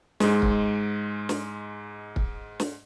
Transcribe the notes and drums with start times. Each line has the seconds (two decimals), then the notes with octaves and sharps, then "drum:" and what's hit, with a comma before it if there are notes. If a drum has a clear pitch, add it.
0.20 G#2 G#3, drum: snare
0.42 drum: kick
1.29 drum: snare
2.16 drum: kick
2.60 drum: snare